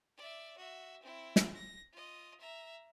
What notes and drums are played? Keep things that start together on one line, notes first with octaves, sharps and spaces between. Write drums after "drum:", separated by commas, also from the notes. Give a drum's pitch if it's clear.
D5 E5
F#4 E5
C4 E4
drum: snare
A#6
F4 D#5
E5 A#5